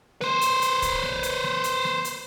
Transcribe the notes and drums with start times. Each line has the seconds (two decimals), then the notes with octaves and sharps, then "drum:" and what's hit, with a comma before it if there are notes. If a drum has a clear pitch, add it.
0.21 B4 C5, drum: snare
0.42 drum: hi-hat
0.62 drum: hi-hat
0.82 drum: kick, hi-hat
1.03 drum: snare
1.23 drum: hi-hat
1.44 drum: snare
1.64 drum: hi-hat
1.84 drum: snare
2.05 drum: hi-hat